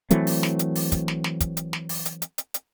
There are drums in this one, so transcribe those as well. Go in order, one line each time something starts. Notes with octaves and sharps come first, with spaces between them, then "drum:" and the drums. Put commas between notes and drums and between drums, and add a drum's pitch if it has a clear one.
E3 F#3 A3 C4, drum: hi-hat
drum: open hi-hat
drum: snare
drum: hi-hat
drum: open hi-hat
drum: kick, hi-hat
drum: snare
drum: snare
drum: kick, hi-hat
drum: hi-hat
drum: snare
drum: open hi-hat
drum: hi-hat
drum: hi-hat
drum: hi-hat
drum: hi-hat